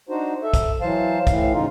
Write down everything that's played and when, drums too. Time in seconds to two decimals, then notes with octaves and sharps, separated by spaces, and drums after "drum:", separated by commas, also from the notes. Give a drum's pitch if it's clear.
0.09 D4 D#4 F#4 C5
0.43 A4 E5
0.54 drum: kick, hi-hat
0.81 E3 F#3 C5 F5 A5
1.27 A2 E3 F5, drum: kick, hi-hat
1.53 G#2 C#3 D#4 F4